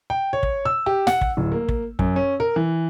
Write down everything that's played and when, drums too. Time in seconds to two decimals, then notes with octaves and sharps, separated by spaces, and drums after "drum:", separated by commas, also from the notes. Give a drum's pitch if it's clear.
0.10 G5
0.33 C#5
0.43 drum: kick
0.65 E6
0.86 G4
1.07 F#5, drum: snare
1.21 drum: kick
1.37 D1
1.52 A#3
1.69 drum: kick
1.99 F#2, drum: kick
2.16 C#4
2.40 A#4
2.56 E3